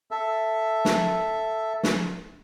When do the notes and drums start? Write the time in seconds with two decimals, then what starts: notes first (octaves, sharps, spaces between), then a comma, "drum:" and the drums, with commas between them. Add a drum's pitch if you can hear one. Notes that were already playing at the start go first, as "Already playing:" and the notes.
0.11 A4 E5
0.85 drum: snare
1.83 drum: snare